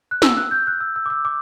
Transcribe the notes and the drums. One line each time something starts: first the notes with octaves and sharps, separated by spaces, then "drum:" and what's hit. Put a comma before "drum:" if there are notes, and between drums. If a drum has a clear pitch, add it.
F#6
E6, drum: snare
F#6
G6
F#6
E6
E6
D6
E6
D6